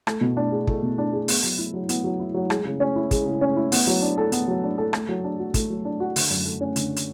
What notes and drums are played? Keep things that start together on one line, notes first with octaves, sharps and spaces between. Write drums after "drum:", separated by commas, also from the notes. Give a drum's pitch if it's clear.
A3, drum: rim click
B2
D4
G#4
A3, drum: kick
B2
D4
G#4
B3, drum: open hi-hat
F#3
E4
F#3
B3, drum: hi-hat
F#3
E4
F#3
G#3, drum: rim click
C#3
C#4
E4
G#3, drum: kick, hi-hat
C#3
C#4
E4
B3, drum: open hi-hat
F#3
D4
A4
B3, drum: hi-hat
F#3
D4
A4
A3, drum: rim click
F#3
D4
F#4
A3, drum: kick, hi-hat
F#3
D4
F#4
D3, drum: open hi-hat
F#2
A3
C#4
D3, drum: hi-hat
drum: hi-hat